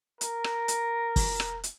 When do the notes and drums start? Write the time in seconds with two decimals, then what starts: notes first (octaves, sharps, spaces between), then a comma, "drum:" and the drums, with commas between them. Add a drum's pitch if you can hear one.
0.21 A#4, drum: hi-hat
0.44 drum: rim click
0.68 drum: hi-hat
1.16 drum: kick, open hi-hat
1.40 drum: rim click
1.64 drum: hi-hat